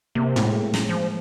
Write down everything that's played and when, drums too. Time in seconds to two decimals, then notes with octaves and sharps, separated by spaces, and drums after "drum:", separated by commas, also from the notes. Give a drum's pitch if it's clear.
0.15 C3 A#3 C4
0.36 A2 G#3 A3, drum: tom A2
0.74 drum: snare
0.89 F3